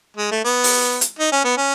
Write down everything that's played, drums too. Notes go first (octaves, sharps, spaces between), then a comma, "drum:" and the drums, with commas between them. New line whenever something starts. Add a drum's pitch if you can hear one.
G#3
A3
B3
drum: open hi-hat
drum: hi-hat
D#4
C#4
B3
C#4